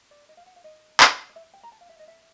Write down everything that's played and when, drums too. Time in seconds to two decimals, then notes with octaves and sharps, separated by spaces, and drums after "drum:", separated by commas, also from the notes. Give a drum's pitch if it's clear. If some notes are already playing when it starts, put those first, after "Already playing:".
0.11 D5
0.29 D#5
0.37 F5
0.46 F#5
0.56 F5
0.64 D#5
1.00 drum: clap
1.29 D#5
1.36 E5
1.54 G5
1.63 A#5
1.72 A5
1.81 F5
1.89 E5
1.99 D#5
2.07 E5